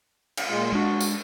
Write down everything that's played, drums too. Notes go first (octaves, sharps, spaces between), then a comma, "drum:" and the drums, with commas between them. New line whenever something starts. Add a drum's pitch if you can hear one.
drum: cymbal
A#2 G#3 F4
G#3 D4 F#4
drum: tambourine